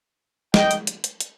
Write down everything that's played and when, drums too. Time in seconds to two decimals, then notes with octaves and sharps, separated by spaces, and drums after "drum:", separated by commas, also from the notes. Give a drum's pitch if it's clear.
0.54 D#5 G5, drum: snare
0.71 drum: hi-hat
0.87 drum: hi-hat
1.04 drum: hi-hat
1.20 drum: hi-hat